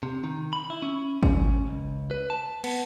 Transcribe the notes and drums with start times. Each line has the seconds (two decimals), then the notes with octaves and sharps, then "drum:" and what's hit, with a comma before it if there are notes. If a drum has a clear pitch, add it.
0.03 C3
0.24 D#3
0.53 B5
0.70 E4
0.82 C#4
1.23 C#4, drum: kick
1.67 C#2
2.11 B4
2.30 A5
2.64 B3, drum: cymbal